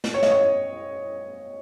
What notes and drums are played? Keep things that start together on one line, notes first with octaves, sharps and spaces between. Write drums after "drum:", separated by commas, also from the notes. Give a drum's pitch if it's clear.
drum: snare
C#5
D#5, drum: snare
C#5